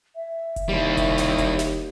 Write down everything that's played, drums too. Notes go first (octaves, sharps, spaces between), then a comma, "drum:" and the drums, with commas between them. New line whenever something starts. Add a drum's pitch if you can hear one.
E5
drum: kick F1, hi-hat
D#2 G3 E4
drum: kick F1, hi-hat
drum: snare
drum: kick F1, hi-hat
drum: snare